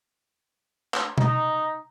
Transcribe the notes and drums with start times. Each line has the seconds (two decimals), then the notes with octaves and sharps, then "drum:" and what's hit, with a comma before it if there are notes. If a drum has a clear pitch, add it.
0.94 drum: clap
1.18 D#4, drum: tom B2